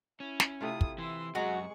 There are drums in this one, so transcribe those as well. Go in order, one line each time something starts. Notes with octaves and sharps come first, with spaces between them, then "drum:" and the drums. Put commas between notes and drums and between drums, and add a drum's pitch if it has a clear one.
C#4 E4
drum: snare
C3 A3 E4 F4 D#6
drum: kick
E3 C6 E6
F#2 G#3 F#4 G#4 A#5 C#6